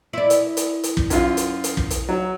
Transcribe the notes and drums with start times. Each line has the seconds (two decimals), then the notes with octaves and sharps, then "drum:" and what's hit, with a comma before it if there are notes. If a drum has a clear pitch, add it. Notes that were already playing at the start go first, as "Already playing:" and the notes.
0.13 E4 D5
0.30 drum: hi-hat
0.57 drum: hi-hat
0.84 drum: hi-hat
0.97 drum: kick
1.10 F#2 F4, drum: hi-hat
1.37 drum: hi-hat
1.64 drum: hi-hat
1.77 drum: kick
1.90 drum: hi-hat
2.09 F#3